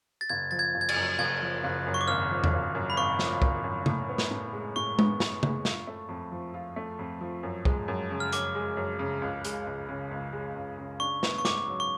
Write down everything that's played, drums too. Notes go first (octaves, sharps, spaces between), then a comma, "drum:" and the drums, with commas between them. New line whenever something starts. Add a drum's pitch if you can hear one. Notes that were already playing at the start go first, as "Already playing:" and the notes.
A6
F#1 G#6
F3 A6
G#6
F#1
G#6
A6, drum: cymbal
F#2
F#1 G#6
F3
F#1
F#2
C#6
D6
G#1 F6
F3
drum: tom E2
G#1
F#2
B5
G#1 C#6
F3, drum: snare
G#1, drum: kick C2
F#2
A2, drum: tom C#3
B3
drum: snare
A2
G#3
A2 C#6
B3, drum: tom G#3
A2, drum: snare
G#3, drum: tom C#3
F4, drum: snare
A3
F2
F3
F4
A3
F2
F3
F#2
G#3, drum: kick C2
F#2
C#3
F6
F#2 D6, drum: hi-hat
G#3
F#2
C#3
C#2
G#3, drum: hi-hat
C#2
C#3
C#2
G#3
C#2
C#3
D4 C#6
B3, drum: snare
C#6
G#2 D6, drum: snare
F#3
C#6